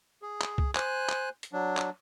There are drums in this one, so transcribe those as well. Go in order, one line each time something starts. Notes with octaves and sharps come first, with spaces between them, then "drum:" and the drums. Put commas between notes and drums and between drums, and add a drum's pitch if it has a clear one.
G#4
drum: clap
drum: kick C2
C5 G#5 F#6, drum: clap
drum: clap
drum: hi-hat
F#3 D4
drum: clap